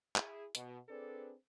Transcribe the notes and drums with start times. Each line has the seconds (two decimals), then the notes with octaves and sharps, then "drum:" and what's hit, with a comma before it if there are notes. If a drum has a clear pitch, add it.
0.16 E4 G#4, drum: clap
0.55 B2, drum: hi-hat
0.89 C4 D4 G#4 A4 B4 D5